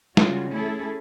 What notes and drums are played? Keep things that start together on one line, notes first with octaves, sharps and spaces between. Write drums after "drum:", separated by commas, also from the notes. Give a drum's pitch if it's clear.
C#3 G3 G#3 F4 F#4, drum: snare
A3 C#4 E4 G#4 A4